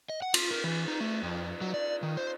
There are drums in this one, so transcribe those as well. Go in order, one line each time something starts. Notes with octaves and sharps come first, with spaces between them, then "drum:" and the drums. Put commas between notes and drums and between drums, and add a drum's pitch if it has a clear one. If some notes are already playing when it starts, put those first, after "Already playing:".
D#5
F#5
F4, drum: cymbal
A#4
E3
D#4
A3
F2
F#3
D5
D#3
C5